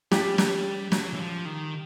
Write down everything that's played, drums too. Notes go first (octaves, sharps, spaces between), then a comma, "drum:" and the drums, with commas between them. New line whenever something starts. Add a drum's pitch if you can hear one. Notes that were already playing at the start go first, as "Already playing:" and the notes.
G3 G4, drum: snare
drum: snare
F#3, drum: snare
E3
F3
D#3